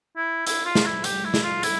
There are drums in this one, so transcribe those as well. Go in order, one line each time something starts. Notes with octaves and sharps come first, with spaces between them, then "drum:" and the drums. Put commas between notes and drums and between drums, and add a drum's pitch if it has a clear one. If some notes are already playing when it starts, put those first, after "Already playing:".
E4
E4, drum: hi-hat
F4
drum: snare
E4
G4, drum: hi-hat
E4
drum: snare
F4
E4, drum: hi-hat